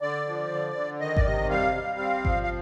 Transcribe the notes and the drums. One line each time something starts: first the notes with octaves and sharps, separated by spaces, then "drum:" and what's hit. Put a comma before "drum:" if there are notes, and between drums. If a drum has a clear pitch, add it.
D3 D5
F3
D3
D3
D#3 D#5
D5, drum: kick G#1
C3 D#5
G3 F5
G3
C4
F3, drum: kick G#1
F5